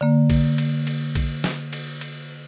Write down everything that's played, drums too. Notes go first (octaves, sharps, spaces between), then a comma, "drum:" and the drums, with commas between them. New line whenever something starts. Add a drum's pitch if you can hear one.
D3 A#3
drum: kick A#1, cymbal
drum: cymbal
drum: cymbal
drum: kick A#1, cymbal
drum: snare
drum: cymbal
drum: cymbal